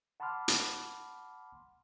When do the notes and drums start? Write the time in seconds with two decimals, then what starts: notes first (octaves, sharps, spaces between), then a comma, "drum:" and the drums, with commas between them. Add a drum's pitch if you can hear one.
0.20 F#5 A5 B5 C6 D6 F6
0.48 drum: hi-hat